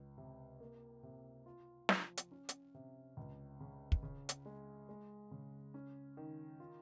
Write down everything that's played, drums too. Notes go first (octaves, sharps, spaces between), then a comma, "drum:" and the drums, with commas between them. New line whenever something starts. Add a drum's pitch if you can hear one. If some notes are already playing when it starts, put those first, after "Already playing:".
Already playing: C#2
C3
A#3
C3
F4
F3, drum: snare
drum: hi-hat
C#4
drum: hi-hat
C3
C#2
C#3
drum: kick
C#3
drum: hi-hat
G#3
G#3
C#3
C#4
D#3
F4